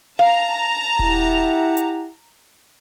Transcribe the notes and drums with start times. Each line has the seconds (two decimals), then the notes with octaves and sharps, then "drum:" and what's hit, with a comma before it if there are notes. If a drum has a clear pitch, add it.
0.19 F5 A5 A#5
0.99 E4 G4 F#5, drum: kick D#1
1.77 drum: hi-hat